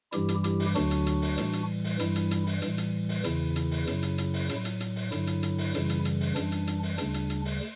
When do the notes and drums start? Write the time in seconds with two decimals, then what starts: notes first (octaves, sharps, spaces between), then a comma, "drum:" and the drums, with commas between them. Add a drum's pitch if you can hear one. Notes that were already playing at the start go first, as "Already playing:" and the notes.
0.12 G2 E3 G3 E4 G4, drum: hi-hat
0.28 drum: hi-hat
0.44 E4 G4, drum: hi-hat
0.60 drum: open hi-hat
0.75 D2 D3 F#3 D4 F#4, drum: hi-hat
0.91 drum: hi-hat
1.06 drum: hi-hat
1.22 drum: open hi-hat
1.38 A2 E3 G3, drum: hi-hat
1.53 drum: hi-hat
1.84 drum: open hi-hat
1.99 G2 E3 G3 E4, drum: hi-hat
2.15 drum: hi-hat
2.31 drum: hi-hat
2.47 drum: open hi-hat
2.62 A2 E3 G3, drum: hi-hat
2.78 drum: hi-hat
3.09 drum: open hi-hat
3.24 E2 C#3 E3 E4, drum: hi-hat
3.56 drum: hi-hat
3.71 drum: open hi-hat
3.87 F#2 C#3 F#3, drum: hi-hat
4.02 drum: hi-hat
4.18 drum: hi-hat
4.34 drum: open hi-hat
4.49 A2 F#3, drum: hi-hat
4.65 drum: hi-hat
4.80 drum: hi-hat
4.96 drum: open hi-hat
5.12 G2 D3 F#3 E4, drum: hi-hat
5.27 drum: hi-hat
5.43 drum: hi-hat
5.58 drum: open hi-hat
5.74 F#2 C#3 E3 G3, drum: hi-hat
5.89 drum: hi-hat
6.05 drum: hi-hat
6.21 drum: open hi-hat
6.36 F#2 E3 G3 D4, drum: hi-hat
6.52 drum: hi-hat
6.67 drum: hi-hat
6.83 drum: open hi-hat
6.98 D2 C#3 G3 D4, drum: hi-hat
7.14 drum: hi-hat
7.30 drum: hi-hat
7.45 drum: open hi-hat